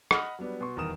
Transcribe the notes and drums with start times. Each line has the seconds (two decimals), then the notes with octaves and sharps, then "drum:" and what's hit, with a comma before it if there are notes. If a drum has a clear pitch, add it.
0.11 D#5 F#5 B5 D#6 F6, drum: rim click
0.39 F#3 G3 B3 D4
0.61 B2 C6 C#6
0.76 D#1 E2 D#3 A#4 D#6 E7